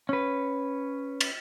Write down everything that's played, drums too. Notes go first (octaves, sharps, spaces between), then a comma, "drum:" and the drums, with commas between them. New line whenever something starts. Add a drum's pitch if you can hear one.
C#4 B4
drum: cymbal